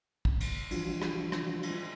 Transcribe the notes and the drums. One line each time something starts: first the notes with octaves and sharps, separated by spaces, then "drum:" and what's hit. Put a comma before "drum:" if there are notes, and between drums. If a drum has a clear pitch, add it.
drum: kick
drum: cymbal
E3 F3 G3 D4 F4 F#4, drum: cymbal
drum: rim click
drum: rim click
drum: cymbal